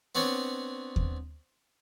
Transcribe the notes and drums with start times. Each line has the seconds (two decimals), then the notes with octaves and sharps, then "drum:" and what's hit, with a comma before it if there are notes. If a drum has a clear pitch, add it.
0.15 B3 C4 D4 C#5 D5
0.96 drum: kick D#2